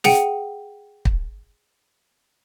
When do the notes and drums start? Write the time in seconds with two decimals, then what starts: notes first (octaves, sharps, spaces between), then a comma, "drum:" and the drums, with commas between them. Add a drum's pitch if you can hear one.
0.04 G#4 F#5 G5 C#7 D#7, drum: snare
1.05 drum: kick